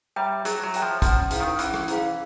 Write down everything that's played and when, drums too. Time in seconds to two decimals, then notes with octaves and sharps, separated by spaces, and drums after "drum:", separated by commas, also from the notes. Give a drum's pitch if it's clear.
0.16 G3 C#5 E5 G5 A#5
0.45 F#3 G#4, drum: hi-hat
0.64 F#3
0.74 C#5 E5 G5 A#5, drum: hi-hat
0.82 F3
1.02 F3 C#4, drum: kick, hi-hat
1.31 E4 G#4 C5 F5, drum: hi-hat
1.40 D#3
1.59 E3 C#4, drum: hi-hat
1.74 drum: rim click
1.88 E4 G#4 C5 F5, drum: hi-hat